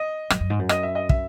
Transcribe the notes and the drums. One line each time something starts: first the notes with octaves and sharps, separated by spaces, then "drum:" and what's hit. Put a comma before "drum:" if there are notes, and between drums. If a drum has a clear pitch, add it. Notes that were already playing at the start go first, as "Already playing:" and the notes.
Already playing: D#5
F#2, drum: rim click
F#2
G#2
F#2
D#5, drum: rim click
E5
D#5
E5, drum: kick